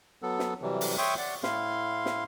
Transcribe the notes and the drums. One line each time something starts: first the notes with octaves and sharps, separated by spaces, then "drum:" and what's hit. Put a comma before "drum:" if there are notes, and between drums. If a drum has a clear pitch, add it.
F#3 B3 A4
drum: snare
C3 E3 F#3 G3
drum: open hi-hat
C#5 E5 G5 C6 C#6 D#6
D5 F#5
A2 E4 F5 C6, drum: snare
drum: snare